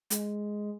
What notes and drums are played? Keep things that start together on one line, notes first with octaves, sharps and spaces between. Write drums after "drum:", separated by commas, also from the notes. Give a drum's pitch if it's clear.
G#3, drum: hi-hat